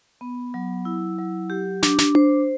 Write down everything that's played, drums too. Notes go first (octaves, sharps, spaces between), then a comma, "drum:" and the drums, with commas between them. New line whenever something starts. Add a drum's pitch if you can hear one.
B3
F#3
E4
F#3
G4
D4, drum: snare
drum: snare
C5, drum: tom D4